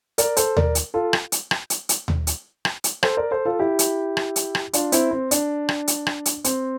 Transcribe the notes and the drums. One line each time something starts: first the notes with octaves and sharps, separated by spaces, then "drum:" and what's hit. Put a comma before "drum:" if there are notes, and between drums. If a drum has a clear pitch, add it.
A#4 D5, drum: hi-hat
A4 C5, drum: hi-hat
A#4 D5, drum: tom D#2
drum: hi-hat
F4 A4
drum: rim click
drum: hi-hat
drum: rim click
drum: hi-hat
drum: hi-hat
drum: tom D#2
drum: hi-hat
drum: rim click
drum: hi-hat
A4 C5, drum: rim click
A#4 D5
A4 C5
F4 A4
E4 G4
drum: hi-hat
drum: rim click
drum: hi-hat
drum: rim click
D4 F4, drum: hi-hat
C4 E4, drum: hi-hat
C4
D4, drum: hi-hat
drum: rim click
drum: hi-hat
drum: rim click
drum: hi-hat
C4, drum: hi-hat